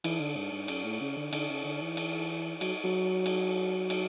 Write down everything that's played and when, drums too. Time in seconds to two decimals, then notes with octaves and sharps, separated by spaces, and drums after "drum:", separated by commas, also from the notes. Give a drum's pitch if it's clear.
0.04 E3, drum: cymbal
0.20 D3
0.37 G2
0.52 G2
0.68 F#2, drum: cymbal
0.84 A2
1.01 C#3
1.17 D3
1.33 D3, drum: cymbal
1.49 C#3
1.65 D3
1.82 E3
1.97 drum: cymbal
2.61 F#3, drum: cymbal
2.85 F#3
3.26 drum: cymbal
3.90 drum: cymbal